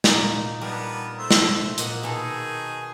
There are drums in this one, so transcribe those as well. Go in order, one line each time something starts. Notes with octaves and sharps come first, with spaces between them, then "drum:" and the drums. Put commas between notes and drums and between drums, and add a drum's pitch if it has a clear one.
A#2 D#4, drum: snare
G3 B3 D4 A#4
A3 C5 E5
drum: snare
A#2 D#5 F#5, drum: hi-hat
B2 D#3 G#4 A4